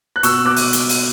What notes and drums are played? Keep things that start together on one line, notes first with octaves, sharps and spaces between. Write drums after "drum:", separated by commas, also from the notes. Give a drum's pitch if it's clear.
F#6
B2 C#6 E6, drum: hi-hat
D6 F#6
drum: open hi-hat
drum: hi-hat
drum: open hi-hat